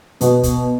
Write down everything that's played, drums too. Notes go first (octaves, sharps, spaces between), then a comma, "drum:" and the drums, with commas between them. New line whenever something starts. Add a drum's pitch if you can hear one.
B2 B3, drum: hi-hat
drum: kick, hi-hat